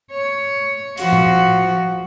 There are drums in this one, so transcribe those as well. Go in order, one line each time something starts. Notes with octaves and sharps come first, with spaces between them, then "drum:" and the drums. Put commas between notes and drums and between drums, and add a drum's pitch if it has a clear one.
C#5
F3 F#4, drum: hi-hat
drum: tom A2